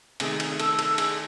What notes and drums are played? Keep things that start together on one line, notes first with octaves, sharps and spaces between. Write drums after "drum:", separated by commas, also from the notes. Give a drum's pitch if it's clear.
D#3 A3 C4 G#4, drum: cymbal
G#4, drum: cymbal
A4, drum: cymbal
A4, drum: cymbal
G#4, drum: cymbal